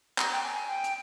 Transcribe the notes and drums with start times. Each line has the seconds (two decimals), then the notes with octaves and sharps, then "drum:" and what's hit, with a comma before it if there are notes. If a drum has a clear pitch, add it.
0.18 A#5, drum: clap
0.32 G5
0.43 G#5
0.67 G5
0.84 drum: hi-hat